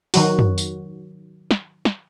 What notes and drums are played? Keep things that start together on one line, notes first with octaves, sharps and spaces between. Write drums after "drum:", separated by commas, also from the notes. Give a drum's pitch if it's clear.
D#3 F#3 F#4, drum: open hi-hat
drum: tom
drum: tambourine
drum: snare
drum: snare